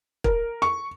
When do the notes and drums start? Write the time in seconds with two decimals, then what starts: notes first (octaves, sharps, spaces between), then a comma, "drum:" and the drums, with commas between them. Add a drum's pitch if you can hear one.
0.24 A#4, drum: kick
0.62 C#6